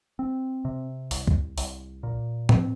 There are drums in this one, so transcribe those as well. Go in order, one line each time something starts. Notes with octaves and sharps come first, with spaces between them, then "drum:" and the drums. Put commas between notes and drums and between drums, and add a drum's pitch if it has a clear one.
C4
C3
C2, drum: open hi-hat
drum: kick C#2
C2, drum: open hi-hat
A#2
C4, drum: tom A2